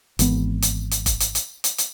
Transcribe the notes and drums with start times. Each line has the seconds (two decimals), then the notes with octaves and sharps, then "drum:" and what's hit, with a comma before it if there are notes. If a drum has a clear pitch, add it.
0.19 G#1 E3 B3, drum: hi-hat
0.62 drum: hi-hat
0.91 drum: hi-hat
1.06 drum: kick F1, hi-hat
1.20 drum: hi-hat
1.35 drum: hi-hat
1.64 drum: hi-hat
1.78 drum: hi-hat